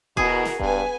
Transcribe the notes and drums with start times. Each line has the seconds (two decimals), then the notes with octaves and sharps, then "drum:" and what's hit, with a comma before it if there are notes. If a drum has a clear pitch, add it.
0.17 B2 E4 F#4 G#4 A#4, drum: kick D#1
0.45 drum: snare
0.60 G2 B3 B4 G#5, drum: kick D#1